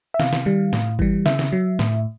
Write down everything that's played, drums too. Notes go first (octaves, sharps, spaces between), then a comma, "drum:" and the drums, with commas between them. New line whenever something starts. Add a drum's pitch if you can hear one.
E5
C3 F5, drum: snare
drum: snare
D#3 G3
A2, drum: snare
E3 G3, drum: kick G1
C#3 E5, drum: snare
drum: snare
F#3
A2, drum: snare